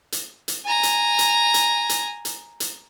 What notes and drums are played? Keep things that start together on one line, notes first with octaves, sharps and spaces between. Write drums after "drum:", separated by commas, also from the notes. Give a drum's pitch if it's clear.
drum: hi-hat
drum: hi-hat
G#5 A#5
drum: hi-hat
drum: hi-hat
drum: hi-hat
drum: hi-hat
drum: hi-hat
drum: hi-hat